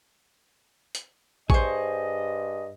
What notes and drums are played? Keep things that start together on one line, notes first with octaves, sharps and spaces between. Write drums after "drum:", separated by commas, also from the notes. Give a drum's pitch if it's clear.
drum: hi-hat
G2 G#4 C5 D#5 C#6, drum: kick A1